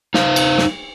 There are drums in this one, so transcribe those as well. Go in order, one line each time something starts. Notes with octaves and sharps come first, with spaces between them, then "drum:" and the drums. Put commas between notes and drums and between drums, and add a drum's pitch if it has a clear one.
D#4 C5 F5, drum: snare
drum: cymbal
drum: snare